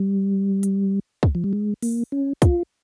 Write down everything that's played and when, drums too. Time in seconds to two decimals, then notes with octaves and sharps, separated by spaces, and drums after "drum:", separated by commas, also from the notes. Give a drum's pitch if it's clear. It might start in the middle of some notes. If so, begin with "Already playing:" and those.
Already playing: G3
0.63 drum: hi-hat
1.23 drum: kick
1.35 F3
1.44 G3
1.53 G#3
1.82 A#3, drum: open hi-hat
2.12 C#4
2.42 F4, drum: kick, hi-hat